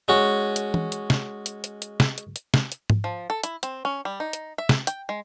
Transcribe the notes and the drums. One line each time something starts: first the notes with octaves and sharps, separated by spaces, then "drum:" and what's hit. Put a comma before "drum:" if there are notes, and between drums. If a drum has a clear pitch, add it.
G#3 C#4 F#4
drum: hi-hat
drum: tom E3
drum: hi-hat
drum: snare
drum: hi-hat
drum: hi-hat
drum: hi-hat
drum: snare
drum: hi-hat
drum: hi-hat
drum: snare
drum: hi-hat
drum: tom G#2
F3
A4
E4, drum: hi-hat
C4, drum: hi-hat
C#4
G3
D#4
drum: hi-hat
E5
drum: snare
G5, drum: hi-hat
G#3